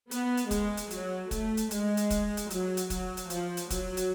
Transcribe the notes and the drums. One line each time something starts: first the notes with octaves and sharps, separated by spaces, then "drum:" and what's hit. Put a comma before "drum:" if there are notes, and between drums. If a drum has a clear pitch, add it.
B3, drum: hi-hat
drum: hi-hat
G#3, drum: kick, hi-hat
drum: hi-hat
F#3, drum: hi-hat
A3, drum: kick, hi-hat
drum: hi-hat
G#3, drum: hi-hat
drum: hi-hat
drum: kick, hi-hat
drum: hi-hat
F#3, drum: hi-hat
drum: hi-hat
F#3, drum: kick, hi-hat
drum: hi-hat
F3, drum: hi-hat
drum: hi-hat
F#3, drum: kick, hi-hat
drum: hi-hat